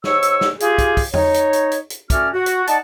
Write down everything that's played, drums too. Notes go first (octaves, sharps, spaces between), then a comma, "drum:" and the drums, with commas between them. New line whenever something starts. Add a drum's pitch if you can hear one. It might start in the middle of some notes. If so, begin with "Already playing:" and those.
G#2 C#5 C#6 E6, drum: snare
drum: hi-hat
drum: snare
F4 G4 G#4, drum: hi-hat
drum: kick, hi-hat
drum: kick, open hi-hat
D#4 C#5, drum: tom E2
drum: hi-hat
drum: hi-hat
drum: hi-hat
drum: hi-hat
A3 C#4 F#4 D5 F6, drum: kick, hi-hat
F#4
drum: hi-hat
D#4 D5 F#5 A5, drum: hi-hat